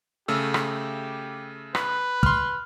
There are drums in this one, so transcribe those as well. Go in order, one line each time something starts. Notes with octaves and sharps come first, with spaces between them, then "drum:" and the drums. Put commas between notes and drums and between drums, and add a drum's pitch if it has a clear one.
C#3 A3 G4 E6
drum: rim click
B4, drum: rim click
C6 F6, drum: kick